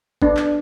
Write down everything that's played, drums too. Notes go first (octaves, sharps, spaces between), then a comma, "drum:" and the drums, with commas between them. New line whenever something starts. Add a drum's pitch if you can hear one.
B3 D4, drum: kick G1
drum: clap